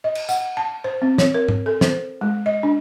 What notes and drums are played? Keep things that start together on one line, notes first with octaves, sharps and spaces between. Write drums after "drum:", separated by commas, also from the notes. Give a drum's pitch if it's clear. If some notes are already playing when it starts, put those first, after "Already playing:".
D#5
drum: cymbal
F#5, drum: tambourine
A5
C5
C4
C#5, drum: snare
A#4
drum: tom
A4
C5, drum: snare
G#3
D#5
D4